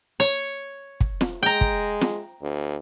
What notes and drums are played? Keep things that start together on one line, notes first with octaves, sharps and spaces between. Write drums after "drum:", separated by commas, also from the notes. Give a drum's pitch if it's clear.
C#5
drum: kick
drum: snare
G#3 G5 A#5
drum: kick
drum: snare
D2